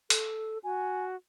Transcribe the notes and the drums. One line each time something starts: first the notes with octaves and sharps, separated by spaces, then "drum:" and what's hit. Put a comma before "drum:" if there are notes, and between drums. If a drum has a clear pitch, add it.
A4, drum: hi-hat
F#4 G#5